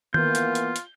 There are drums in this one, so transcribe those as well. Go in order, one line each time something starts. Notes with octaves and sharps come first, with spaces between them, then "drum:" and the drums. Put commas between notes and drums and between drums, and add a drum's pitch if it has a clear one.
E3 A#3 B3 F4 G6, drum: tom D#3
drum: hi-hat
drum: hi-hat
drum: hi-hat